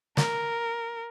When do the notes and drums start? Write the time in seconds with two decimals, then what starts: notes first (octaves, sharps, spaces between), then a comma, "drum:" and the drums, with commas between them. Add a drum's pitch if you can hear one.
0.17 A#4, drum: snare